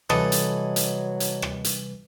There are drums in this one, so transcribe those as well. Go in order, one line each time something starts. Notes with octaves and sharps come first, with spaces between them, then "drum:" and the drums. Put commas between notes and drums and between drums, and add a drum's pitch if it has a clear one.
C3 E3 F#3 G3 A4 D#5, drum: rim click
drum: hi-hat
drum: hi-hat
drum: hi-hat
drum: rim click
drum: hi-hat